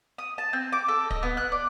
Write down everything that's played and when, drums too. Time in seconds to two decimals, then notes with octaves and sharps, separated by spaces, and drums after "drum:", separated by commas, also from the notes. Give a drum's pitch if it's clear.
0.18 D#6
0.38 A5
0.53 C4
0.72 D6
0.88 A4
1.10 D#5, drum: kick
1.23 B3
1.37 F#6
1.52 D5